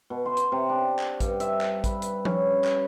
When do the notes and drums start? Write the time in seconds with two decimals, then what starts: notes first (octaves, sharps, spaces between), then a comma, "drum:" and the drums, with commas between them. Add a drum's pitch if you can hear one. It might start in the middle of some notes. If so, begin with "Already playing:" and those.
0.10 B2
0.26 C6
0.37 drum: hi-hat
0.52 C3
0.70 D4
0.99 drum: clap
1.20 G2, drum: kick, hi-hat
1.40 E5, drum: hi-hat
1.61 drum: clap
1.84 B4, drum: kick, hi-hat
2.02 drum: hi-hat
2.25 C#4, drum: tom F3
2.64 drum: clap